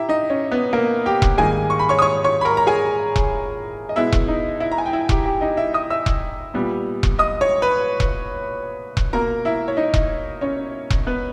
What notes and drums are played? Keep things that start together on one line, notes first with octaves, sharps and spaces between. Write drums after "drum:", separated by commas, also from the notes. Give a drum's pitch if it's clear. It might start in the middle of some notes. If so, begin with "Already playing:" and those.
Already playing: E4 G4 E5 A#5
D#4 D#5
C#4 C#5
B3 B4
A#3 A#4
G4 G5
drum: kick E1
G#2 D#3 G3 A#3 G#4 G#5
C#6
B5
C#5 C#6
D#6
C#5 C#6
C#5 C#6
B5
A#4 A#5
A#5
G#4 G#5
drum: kick E1
D#5
B2 G#3 B3 E4 E5
drum: kick E1
D#4 D#5
E4 E5
A#5
G#5
G5
E4 E5
G4 G5, drum: kick E1
G4 G5
D#4 D#5
E4 E5
D#5 D#6
E5 E6
drum: kick E1
A#2 G3 B3
drum: kick E1
D#5 D#6
C#5 C#6
B4 B5
drum: kick E1
drum: kick E1
B2 A#3 A#4 A#5
E4 E5
C#5
D#4 D#5
drum: kick E1
C#4 C#5
drum: kick E1
B3 B4